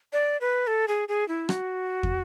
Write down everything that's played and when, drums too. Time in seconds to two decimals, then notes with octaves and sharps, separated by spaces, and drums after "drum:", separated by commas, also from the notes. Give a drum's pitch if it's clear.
0.13 D5
0.41 B4
0.67 A4
0.88 G#4
1.09 G#4
1.28 E4
1.49 F#4, drum: rim click
2.03 drum: kick